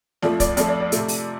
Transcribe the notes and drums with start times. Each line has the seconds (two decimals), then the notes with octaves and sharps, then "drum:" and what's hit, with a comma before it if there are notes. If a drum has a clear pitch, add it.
0.22 F2 F3 A3 D5, drum: snare
0.40 D5, drum: kick, hi-hat
0.57 F2 F3 A3 D5, drum: hi-hat
0.68 D5
0.80 D5
0.92 C3 A3, drum: hi-hat
1.08 drum: open hi-hat